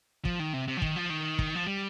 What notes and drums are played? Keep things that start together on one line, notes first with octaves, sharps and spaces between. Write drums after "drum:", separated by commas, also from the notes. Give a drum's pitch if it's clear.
F3, drum: kick
D#3
C3
C3
F3
D#3, drum: kick
F3
D#3
drum: kick
F3
G3